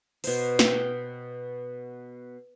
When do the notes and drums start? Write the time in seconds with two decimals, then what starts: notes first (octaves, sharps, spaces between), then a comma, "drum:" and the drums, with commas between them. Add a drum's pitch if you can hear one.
0.24 B2 C5, drum: open hi-hat
0.59 G5, drum: snare